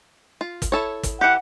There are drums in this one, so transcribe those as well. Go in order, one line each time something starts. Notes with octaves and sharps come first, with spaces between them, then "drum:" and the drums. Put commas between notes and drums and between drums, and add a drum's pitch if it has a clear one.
F4
drum: kick, hi-hat
E4 A4 C#5
drum: kick, hi-hat
E3 G4 F#5